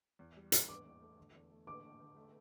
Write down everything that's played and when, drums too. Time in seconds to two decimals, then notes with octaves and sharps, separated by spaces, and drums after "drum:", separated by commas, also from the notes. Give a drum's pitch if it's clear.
0.19 E2
0.36 G3
0.52 D4, drum: hi-hat
0.68 E2 D6
0.85 E2
1.01 A3
1.18 D3
1.34 E2
1.51 A3
1.67 D3 D6
1.84 D4
2.00 D3
2.17 A3